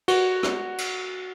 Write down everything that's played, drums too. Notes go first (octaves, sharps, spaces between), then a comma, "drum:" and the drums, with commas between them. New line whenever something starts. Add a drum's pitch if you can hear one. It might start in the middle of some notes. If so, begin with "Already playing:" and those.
F#4, drum: cymbal
drum: rim click
drum: cymbal